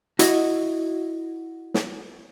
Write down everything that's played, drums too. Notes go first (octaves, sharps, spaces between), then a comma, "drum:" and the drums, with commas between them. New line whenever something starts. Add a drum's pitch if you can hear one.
E4 F#4 D#5, drum: hi-hat
drum: snare